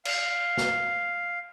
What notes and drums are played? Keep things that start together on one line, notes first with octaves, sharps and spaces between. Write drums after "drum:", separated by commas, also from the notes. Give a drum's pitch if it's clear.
F5, drum: cymbal
drum: snare